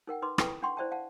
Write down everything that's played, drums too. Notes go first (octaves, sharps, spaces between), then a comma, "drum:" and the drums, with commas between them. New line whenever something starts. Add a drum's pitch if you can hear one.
D#4 A#4 F#5 G5
D#4 B4 A#5 C6 D6
E4 A4 B4 G5 C#6, drum: rim click
D4 F#5 G5 C6 C#6
E4 C5 D5 E5 G5 A5
F5 F#5 A5